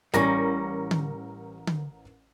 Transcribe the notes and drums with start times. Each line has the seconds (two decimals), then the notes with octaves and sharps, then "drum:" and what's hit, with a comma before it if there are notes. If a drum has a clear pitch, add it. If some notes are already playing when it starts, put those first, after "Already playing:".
0.14 A1 G3 C#4 A#4 A#6, drum: snare
0.91 drum: tom D3
1.67 drum: tom D3